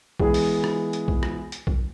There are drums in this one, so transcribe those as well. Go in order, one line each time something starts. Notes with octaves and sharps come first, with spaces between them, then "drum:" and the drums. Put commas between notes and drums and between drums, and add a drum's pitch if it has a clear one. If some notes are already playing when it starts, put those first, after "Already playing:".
E3 G#3 B3 G#4, drum: kick B1
drum: open hi-hat
drum: rim click
drum: hi-hat
drum: kick B1
drum: rim click
drum: hi-hat
drum: kick B1